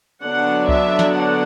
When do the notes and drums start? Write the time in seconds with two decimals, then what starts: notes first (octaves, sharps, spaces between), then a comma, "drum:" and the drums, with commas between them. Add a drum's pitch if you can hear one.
0.22 D3 F#3 B3 D4 F#5
0.69 E5, drum: kick C2
0.99 drum: snare
1.15 F#5